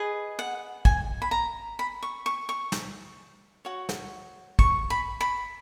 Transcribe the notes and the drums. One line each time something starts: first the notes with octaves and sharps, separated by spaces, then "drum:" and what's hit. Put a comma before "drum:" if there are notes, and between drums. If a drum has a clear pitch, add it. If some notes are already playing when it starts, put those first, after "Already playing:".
Already playing: G#4 B4 D#5
F#5
G#5, drum: kick
B5
A#5
B5
C#6
C#6
C#6
drum: snare
F#4 C#5
drum: snare
C#6, drum: kick
B5
B5